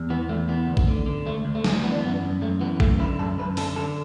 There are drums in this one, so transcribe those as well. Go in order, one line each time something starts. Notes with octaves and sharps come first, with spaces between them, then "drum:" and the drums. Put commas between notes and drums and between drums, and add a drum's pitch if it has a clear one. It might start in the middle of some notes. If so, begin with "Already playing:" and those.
Already playing: E2
E3 B3
E2 A3
E3 B3
D2
drum: kick
D3
D3
D2 A3
D2
A3
D2, drum: snare
E3 B3
D4
F#2 B3
F#2
F#2 A3
E3 B3
F#2 A3, drum: kick
D3 E4
F#2 A4
F#2 B4
D3 A4, drum: open hi-hat
D3 A4